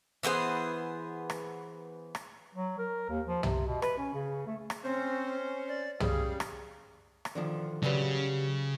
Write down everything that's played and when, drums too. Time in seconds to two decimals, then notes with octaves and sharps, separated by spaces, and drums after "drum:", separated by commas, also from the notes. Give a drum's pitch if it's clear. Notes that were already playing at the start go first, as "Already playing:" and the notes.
0.23 E3 B3 G#4 C5
1.30 drum: rim click
2.15 drum: rim click
2.55 F#3
2.79 A#4
3.09 D#2
3.27 F3
3.43 C3, drum: tom
3.67 B2
3.82 B4, drum: rim click
3.98 C#4
4.14 C#3
4.47 A3
4.70 drum: rim click
4.84 C4 C#4 C5
5.68 D5
6.00 C#3 G3 G#4 F5, drum: tom
6.40 drum: rim click
7.25 drum: rim click
7.35 D3 D#3 F3
7.83 C#3 F#3 G3 B4